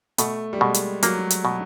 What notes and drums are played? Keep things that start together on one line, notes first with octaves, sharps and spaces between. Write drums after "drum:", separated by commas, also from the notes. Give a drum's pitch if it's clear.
B2 A3, drum: hi-hat
G3
B2 G#3
drum: hi-hat
F#3 A#3, drum: hi-hat
drum: hi-hat
B2